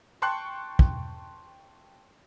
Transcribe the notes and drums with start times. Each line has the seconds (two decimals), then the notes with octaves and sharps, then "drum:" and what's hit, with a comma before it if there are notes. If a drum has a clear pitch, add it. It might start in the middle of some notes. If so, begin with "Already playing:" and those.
0.22 G5 A5 C6 C#6 F#6
0.79 drum: kick